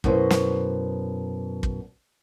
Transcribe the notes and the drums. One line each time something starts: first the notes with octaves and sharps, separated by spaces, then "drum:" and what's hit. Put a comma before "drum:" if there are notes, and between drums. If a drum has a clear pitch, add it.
F#2 B2 E4 C5, drum: kick
drum: snare
drum: kick